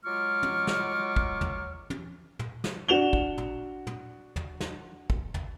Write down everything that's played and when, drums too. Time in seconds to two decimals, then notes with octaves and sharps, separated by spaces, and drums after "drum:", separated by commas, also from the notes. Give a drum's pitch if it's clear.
0.04 F#3 G#3 F4 C#6 D6 F6
0.43 drum: tom
0.67 drum: snare
1.16 drum: kick
1.41 drum: tom
1.90 drum: tom
2.39 drum: tom
2.64 drum: snare
2.88 D4 F#4 E7 F7 G7
3.13 drum: kick
3.38 drum: tom
3.87 drum: tom
4.36 drum: tom
4.61 drum: snare
5.10 drum: kick
5.34 drum: tom